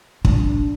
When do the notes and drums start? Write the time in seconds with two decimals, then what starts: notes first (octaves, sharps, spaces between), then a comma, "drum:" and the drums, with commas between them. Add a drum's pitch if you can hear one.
0.25 D4, drum: kick